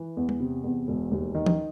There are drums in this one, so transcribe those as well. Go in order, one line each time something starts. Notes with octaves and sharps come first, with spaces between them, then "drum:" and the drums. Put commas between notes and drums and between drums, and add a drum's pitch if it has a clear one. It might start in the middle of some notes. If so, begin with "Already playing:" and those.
Already playing: E3
E2
drum: tom G#3
C3
E2
E1
D#2
D#3
drum: tom E3